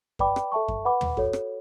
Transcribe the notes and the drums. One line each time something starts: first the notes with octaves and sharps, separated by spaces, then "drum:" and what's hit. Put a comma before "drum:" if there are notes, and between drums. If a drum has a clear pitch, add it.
B4 D5 G5 B5 D6, drum: kick F#2
drum: rim click
A4 E5 A5 C#6
drum: kick F#2
B4 F#5 B5 D6
drum: tom
F#4 A4 C#5, drum: kick F#2
drum: rim click